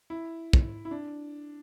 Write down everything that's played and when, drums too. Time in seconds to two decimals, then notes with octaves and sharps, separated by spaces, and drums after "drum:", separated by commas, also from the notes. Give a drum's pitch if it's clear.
0.10 E4
0.53 drum: kick
0.85 E4
0.91 D4